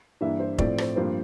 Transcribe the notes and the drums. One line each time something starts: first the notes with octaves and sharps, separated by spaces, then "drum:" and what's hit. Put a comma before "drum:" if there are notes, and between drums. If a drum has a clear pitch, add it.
G2 E3 A#3 D4 E5
C5
A2 F3 A3 C4 D5, drum: kick F1
C5, drum: rim click
G2 F3 A#3 D4 C5